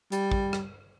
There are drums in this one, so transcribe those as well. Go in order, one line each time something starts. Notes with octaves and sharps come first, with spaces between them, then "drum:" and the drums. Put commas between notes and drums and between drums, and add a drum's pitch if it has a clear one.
G3, drum: hi-hat
drum: kick
drum: rim click